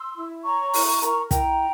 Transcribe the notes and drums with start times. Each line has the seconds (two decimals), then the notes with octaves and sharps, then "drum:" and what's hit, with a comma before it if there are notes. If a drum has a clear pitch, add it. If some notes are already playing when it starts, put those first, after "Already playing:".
Already playing: C6 E6
0.14 E4
0.43 C#5 A#5 C#6
0.74 E4, drum: open hi-hat
1.02 A#4, drum: hi-hat
1.31 E4 G5 A#5, drum: kick, hi-hat